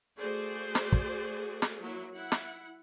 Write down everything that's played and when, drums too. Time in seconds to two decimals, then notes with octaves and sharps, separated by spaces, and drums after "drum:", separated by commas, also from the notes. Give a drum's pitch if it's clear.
0.18 A3 F#4 G#4 C5 D5
0.75 drum: snare
0.92 drum: kick
1.62 drum: snare
1.80 F#3 A#3 E4
2.14 E4 F#5
2.32 drum: snare